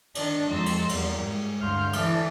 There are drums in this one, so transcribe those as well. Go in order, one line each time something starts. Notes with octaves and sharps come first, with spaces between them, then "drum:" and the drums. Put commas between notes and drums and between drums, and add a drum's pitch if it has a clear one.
D#3 D4, drum: cymbal
F2 G#3 D#4 C6 E6 A6
drum: cymbal
E2 G3 A#3, drum: cymbal
G#2
D2 G2 F5 C6 F6 G6
E3 A4 D5, drum: cymbal